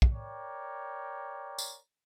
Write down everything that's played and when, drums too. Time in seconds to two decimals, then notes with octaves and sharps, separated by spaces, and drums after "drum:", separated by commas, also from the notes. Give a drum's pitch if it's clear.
0.02 drum: kick
0.13 A#4 C#5 D5 G5
1.58 drum: tambourine